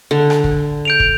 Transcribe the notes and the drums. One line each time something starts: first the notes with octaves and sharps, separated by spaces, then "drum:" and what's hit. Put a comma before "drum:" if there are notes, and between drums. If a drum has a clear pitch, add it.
D3
drum: rim click
drum: kick
G6 D7 F7
drum: kick